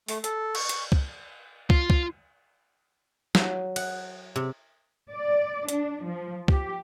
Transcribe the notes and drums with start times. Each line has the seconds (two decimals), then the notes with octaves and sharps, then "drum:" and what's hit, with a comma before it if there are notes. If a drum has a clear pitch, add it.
0.08 A3, drum: open hi-hat
0.24 A4, drum: hi-hat
0.55 C#6, drum: cymbal
0.69 drum: hi-hat
0.92 drum: kick
1.70 F4, drum: kick
1.90 drum: kick
3.35 F#3, drum: snare
3.76 F#5, drum: cymbal
4.36 C3
5.10 D5
5.69 D4, drum: hi-hat
6.05 F3
6.48 G4, drum: kick